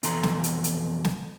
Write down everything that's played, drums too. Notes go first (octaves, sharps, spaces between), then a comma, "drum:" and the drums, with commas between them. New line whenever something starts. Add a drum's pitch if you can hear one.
F2 B2 E3 A4 A#5 C6, drum: hi-hat
drum: snare
drum: hi-hat
drum: hi-hat
drum: snare